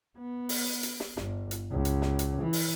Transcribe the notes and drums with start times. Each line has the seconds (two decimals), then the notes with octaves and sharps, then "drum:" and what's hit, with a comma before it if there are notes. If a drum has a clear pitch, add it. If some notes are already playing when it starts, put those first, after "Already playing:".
0.18 B3
0.49 drum: open hi-hat
0.83 drum: hi-hat
1.00 drum: snare
1.17 G1, drum: snare
1.51 drum: hi-hat
1.71 C#2
1.85 drum: hi-hat
2.02 drum: snare
2.19 drum: hi-hat
2.41 E3
2.53 drum: open hi-hat